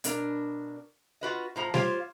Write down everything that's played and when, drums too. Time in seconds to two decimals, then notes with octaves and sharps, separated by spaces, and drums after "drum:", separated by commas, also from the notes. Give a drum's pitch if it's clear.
0.04 B2 D4 A#4, drum: hi-hat
1.21 F4 F#4 B4 D#5
1.56 A2 F3 A#5
1.74 F4 G4 C5 C#5 F5, drum: snare G3